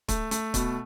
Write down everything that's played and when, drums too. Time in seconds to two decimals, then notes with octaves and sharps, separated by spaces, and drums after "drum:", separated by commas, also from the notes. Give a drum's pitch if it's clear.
0.08 A3, drum: kick C#1, hi-hat
0.31 A3, drum: hi-hat
0.54 B2, drum: kick C#1, hi-hat